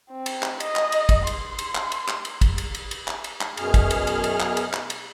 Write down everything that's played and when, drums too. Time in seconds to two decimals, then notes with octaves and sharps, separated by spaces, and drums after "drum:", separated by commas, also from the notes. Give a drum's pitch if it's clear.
0.10 C4
0.26 drum: cymbal
0.43 drum: clap
0.60 D#5, drum: cymbal
0.76 drum: clap
0.92 drum: cymbal
1.09 drum: kick, cymbal
1.27 C6, drum: cymbal
1.59 drum: cymbal
1.75 drum: clap
1.92 drum: cymbal
2.08 drum: clap
2.25 drum: cymbal
2.41 drum: kick, cymbal
2.58 drum: cymbal
2.75 drum: cymbal
2.91 drum: cymbal
3.08 drum: clap
3.24 drum: cymbal
3.41 drum: clap
3.57 F#2 B2 G#4 F6, drum: cymbal
3.74 drum: kick, cymbal
3.91 drum: cymbal
4.07 drum: cymbal
4.24 drum: cymbal
4.40 drum: clap
4.57 drum: cymbal
4.73 drum: clap
4.90 drum: cymbal